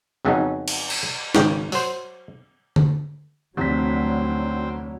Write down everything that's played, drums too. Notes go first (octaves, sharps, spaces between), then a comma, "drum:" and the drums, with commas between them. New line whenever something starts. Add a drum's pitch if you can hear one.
F2 C#3 F#3 B3 C#4 D#4
drum: cymbal
drum: cymbal
G#1 G#2 C#3 G5, drum: snare
F#3 C5, drum: open hi-hat
drum: tom D3
F1 D2 F#3 C4 B6